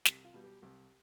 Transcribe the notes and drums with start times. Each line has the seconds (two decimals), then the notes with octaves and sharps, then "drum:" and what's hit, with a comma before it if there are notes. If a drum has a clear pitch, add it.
0.05 C2 G4, drum: snare
0.25 F4
0.34 B2 G3
0.44 G4
0.62 C2 G4